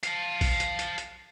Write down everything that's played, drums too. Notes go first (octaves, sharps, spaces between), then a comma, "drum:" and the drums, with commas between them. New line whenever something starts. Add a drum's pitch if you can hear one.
F5 A5, drum: hi-hat
drum: kick A#1, open hi-hat
drum: hi-hat
drum: hi-hat
drum: hi-hat